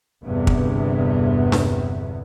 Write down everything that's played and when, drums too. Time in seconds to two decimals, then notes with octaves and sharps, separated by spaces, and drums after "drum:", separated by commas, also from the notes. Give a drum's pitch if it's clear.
0.23 G1 E2 G2 C3 B3
0.47 drum: kick
1.52 drum: snare D4